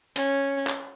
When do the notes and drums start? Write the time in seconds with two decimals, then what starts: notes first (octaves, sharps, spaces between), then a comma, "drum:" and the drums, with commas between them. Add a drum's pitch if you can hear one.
0.16 C#4, drum: hi-hat
0.67 drum: clap